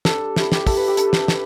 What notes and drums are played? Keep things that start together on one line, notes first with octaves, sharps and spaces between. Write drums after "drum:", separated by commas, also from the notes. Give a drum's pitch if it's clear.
G3 D4 A4, drum: snare
G3 E4, drum: snare
G4, drum: snare
A3 D4 A4, drum: kick, open hi-hat
B4
G4
A3 D4 A4, drum: hi-hat
drum: snare
A3 D4, drum: snare